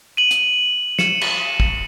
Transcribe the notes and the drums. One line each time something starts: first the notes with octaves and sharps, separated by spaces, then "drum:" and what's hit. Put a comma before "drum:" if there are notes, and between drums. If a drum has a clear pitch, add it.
D#7 F#7
drum: hi-hat
C#7 E7, drum: snare
drum: cymbal
drum: kick